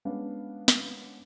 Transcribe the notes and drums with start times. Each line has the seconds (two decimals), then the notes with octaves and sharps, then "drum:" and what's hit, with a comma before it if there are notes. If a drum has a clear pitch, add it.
0.05 G#3 B3 C#4 D4 F5
0.68 drum: snare